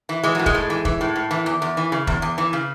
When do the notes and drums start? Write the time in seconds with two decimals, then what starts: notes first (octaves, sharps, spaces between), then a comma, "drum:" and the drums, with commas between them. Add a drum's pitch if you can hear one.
0.09 E3
0.23 E3 G#3
0.35 A2 F#3
0.46 G#3, drum: kick
0.55 A2
0.70 E3
0.85 E3, drum: kick
1.01 A2
1.16 A2
1.31 E3
1.46 E2
1.62 E2
1.77 E3
1.92 C#3
2.07 E2, drum: kick
2.22 E2
2.38 E3
2.53 C#3